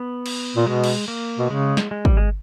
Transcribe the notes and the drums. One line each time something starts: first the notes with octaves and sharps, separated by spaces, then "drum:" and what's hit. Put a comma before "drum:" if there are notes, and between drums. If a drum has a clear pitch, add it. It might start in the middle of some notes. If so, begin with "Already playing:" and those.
Already playing: B3
drum: cymbal
A#2
B2 G#3
drum: cymbal
A#3
B2
C#3 G#3
drum: snare
G#3
G3, drum: kick
G#3